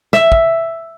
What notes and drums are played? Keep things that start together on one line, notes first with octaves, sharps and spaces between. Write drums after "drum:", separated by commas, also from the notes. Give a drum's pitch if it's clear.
E5, drum: snare
drum: kick